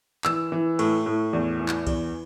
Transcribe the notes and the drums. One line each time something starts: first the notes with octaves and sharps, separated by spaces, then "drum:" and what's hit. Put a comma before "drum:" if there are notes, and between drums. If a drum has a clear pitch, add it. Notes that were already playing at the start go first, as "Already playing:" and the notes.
E3 E6, drum: clap
E3
A2, drum: cymbal
A2
E2
E3
drum: clap
E2, drum: kick C2, cymbal